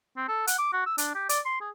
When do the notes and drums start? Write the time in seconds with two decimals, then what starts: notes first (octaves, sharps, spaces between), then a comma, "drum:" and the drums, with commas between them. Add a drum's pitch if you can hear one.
0.17 C4
0.29 A4
0.47 F#5, drum: hi-hat
0.59 D6
0.73 F#4
0.86 E6
0.98 D4, drum: hi-hat
1.15 G4
1.29 D5, drum: hi-hat
1.45 C6
1.61 G#4